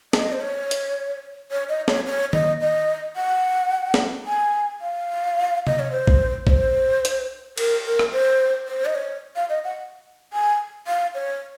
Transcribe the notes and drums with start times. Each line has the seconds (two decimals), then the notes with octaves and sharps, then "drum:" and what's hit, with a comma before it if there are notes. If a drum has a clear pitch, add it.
0.13 D#5, drum: snare
0.33 C5
0.41 C#5
0.71 drum: hi-hat
1.51 C#5
1.69 D#5
1.88 C#5, drum: snare
2.06 C#5
2.33 D#5, drum: tom D#3
2.61 D#5
3.16 F#5
3.94 drum: snare
4.26 G#5
4.81 F5
5.67 D#5, drum: tom C3
5.79 C#5
5.91 C5
6.07 drum: kick A#1
6.47 C#5, drum: kick A#1
6.50 C5
7.05 drum: hi-hat
7.58 A#4, drum: cymbal
7.85 A#4
7.99 drum: rim click
8.13 C5
8.68 C5
8.85 D#5
8.95 C#5
9.36 F5
9.49 D#5
9.64 F#5
10.33 G#5
10.87 F5
11.15 C#5